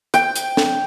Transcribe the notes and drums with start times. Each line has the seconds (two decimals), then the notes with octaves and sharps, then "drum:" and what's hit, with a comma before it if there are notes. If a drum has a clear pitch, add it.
0.14 G5, drum: hi-hat
0.36 drum: hi-hat
0.57 drum: snare